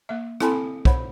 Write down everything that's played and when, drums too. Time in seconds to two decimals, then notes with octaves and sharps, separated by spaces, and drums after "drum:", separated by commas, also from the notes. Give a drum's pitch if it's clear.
0.09 A#3 E5
0.40 C4 E4 A4 G#5 A5 B5, drum: rim click
0.85 C5 C#5 F#5 B5, drum: kick